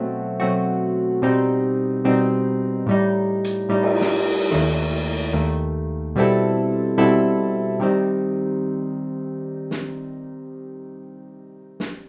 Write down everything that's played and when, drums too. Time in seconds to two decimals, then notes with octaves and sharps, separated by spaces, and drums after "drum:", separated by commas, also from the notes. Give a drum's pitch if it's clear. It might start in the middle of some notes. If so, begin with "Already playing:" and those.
Already playing: B2 F#3 A3 C4 F#4
0.40 B2 F#3 A3 C4 F#4
1.22 B2 G3 C4 D#4
2.05 B2 G3 C4 D#4
2.86 A2 G3 D#4
3.44 drum: hi-hat
3.69 A2 G3 D#4
3.83 drum: cymbal
4.01 drum: snare
4.51 D#2 D#3 A3, drum: snare
5.33 D#2 D#3 A3
6.16 B2 G3 C4 E4 A4
6.98 B2 G3 C4 E4 A4
7.80 C3 D#3 G3 C4 D#4
9.71 drum: snare
11.80 drum: snare